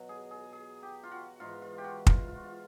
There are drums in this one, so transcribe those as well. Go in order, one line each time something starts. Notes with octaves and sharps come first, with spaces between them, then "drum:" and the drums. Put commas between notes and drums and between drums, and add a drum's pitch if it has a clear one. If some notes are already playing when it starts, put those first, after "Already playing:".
Already playing: B2 F#3
G#4
G#4
G#4
G4
F4
F#4
G#2 E3 F4
F4
G4
F#4
F4, drum: kick
F4
F#4
F4